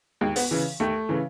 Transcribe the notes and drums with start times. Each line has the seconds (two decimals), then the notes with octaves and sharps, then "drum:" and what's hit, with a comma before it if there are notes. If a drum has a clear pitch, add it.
0.21 D#2 G#3
0.36 B3, drum: open hi-hat
0.51 C#3 E3
0.80 D#2 A3
1.09 C#3 E3